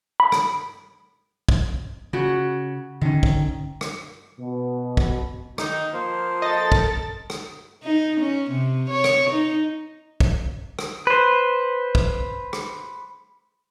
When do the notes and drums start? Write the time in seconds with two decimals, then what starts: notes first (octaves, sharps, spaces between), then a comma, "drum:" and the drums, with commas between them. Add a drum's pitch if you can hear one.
0.20 B5
0.32 drum: rim click
1.49 drum: kick
2.13 C#3 F#4
3.01 D3 D#3 C#4
3.23 drum: kick
3.81 drum: rim click
4.39 B2
4.97 drum: kick
5.58 D#3 D#4, drum: rim click
5.93 F3 A#3 C5
6.42 A4 A#4 D#5 A6
6.72 drum: kick
7.30 drum: rim click
7.83 D#4
8.20 C#4
8.51 C3
8.90 C#5
9.04 drum: rim click
9.30 D#4
10.20 drum: kick
10.79 drum: rim click
11.07 B4 C5
11.95 drum: kick
12.53 drum: rim click